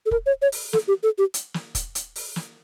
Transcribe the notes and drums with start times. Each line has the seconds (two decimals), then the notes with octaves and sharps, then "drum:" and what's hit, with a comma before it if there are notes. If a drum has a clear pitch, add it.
0.06 A4
0.11 A#4, drum: kick
0.26 C#5
0.42 C#5
0.52 drum: open hi-hat
0.73 A4, drum: snare
0.88 G4
1.03 A4
1.18 G4
1.34 drum: hi-hat
1.54 drum: snare
1.75 drum: kick, hi-hat
1.95 drum: hi-hat
2.16 drum: open hi-hat
2.36 drum: snare